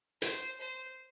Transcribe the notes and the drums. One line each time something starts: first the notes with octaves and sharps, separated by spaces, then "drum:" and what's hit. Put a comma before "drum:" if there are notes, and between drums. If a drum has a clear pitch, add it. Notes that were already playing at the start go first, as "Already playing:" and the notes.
C5, drum: hi-hat
C5